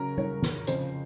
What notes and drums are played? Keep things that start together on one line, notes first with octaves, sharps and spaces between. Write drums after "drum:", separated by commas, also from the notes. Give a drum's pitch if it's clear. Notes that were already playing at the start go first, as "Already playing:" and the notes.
Already playing: C#3 F#3 C#4 A#4 A#5
C#5, drum: tom G3
drum: snare
F2 C#3 F3 C5, drum: hi-hat